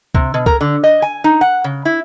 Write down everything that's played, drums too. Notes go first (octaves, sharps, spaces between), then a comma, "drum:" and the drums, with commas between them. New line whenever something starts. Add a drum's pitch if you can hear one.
C3, drum: kick C#2
B2
A#4, drum: kick C#2
D3
D#5
G#5
D#4
F#5
C#3
E4